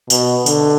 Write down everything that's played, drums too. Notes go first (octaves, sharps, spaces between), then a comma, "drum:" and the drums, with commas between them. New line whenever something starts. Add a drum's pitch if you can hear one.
B2, drum: tambourine
D3, drum: tambourine